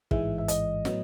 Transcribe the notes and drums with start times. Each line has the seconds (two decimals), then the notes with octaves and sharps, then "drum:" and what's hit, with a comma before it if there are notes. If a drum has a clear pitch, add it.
0.11 A1 G#2 E3 G#3 E5, drum: kick
0.38 E5
0.48 D#5, drum: hi-hat
0.85 A2 F#3 B3, drum: snare